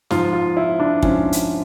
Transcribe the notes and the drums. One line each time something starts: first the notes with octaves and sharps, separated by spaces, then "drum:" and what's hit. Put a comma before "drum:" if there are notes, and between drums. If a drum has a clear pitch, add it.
G#2 F3 F4, drum: snare
F4
E4
D4
G#2 F3 C#4, drum: kick
drum: hi-hat